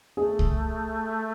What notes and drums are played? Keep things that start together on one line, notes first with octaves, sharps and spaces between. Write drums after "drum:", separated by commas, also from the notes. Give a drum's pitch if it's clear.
A3 G#4
drum: kick C2